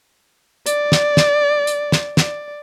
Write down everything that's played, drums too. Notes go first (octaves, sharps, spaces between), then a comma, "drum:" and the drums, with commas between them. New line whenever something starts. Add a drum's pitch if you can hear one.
D5, drum: hi-hat
drum: snare
drum: snare
drum: hi-hat
drum: snare
D5, drum: snare